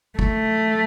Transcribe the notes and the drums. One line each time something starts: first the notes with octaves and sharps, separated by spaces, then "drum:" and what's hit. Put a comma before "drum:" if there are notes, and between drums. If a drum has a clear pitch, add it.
A3, drum: kick